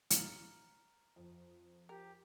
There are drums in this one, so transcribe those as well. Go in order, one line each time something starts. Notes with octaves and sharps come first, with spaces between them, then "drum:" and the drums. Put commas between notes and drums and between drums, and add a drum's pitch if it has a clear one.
F5 A#5 F6, drum: hi-hat
F2
G4 A#4